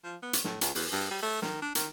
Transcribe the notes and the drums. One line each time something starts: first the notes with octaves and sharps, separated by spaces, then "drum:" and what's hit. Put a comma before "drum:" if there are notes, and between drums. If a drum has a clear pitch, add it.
F3
B3
drum: hi-hat
A2, drum: snare
C#2, drum: hi-hat
E2, drum: open hi-hat
G2
G3
A3
D#3, drum: snare
D4
D#3, drum: hi-hat